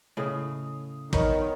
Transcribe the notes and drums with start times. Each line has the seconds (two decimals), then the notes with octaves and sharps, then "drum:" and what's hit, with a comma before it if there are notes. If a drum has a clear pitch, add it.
0.17 A2 C#3 F5 D#6
1.13 D#3 B3 D#4 A#4 C#5, drum: kick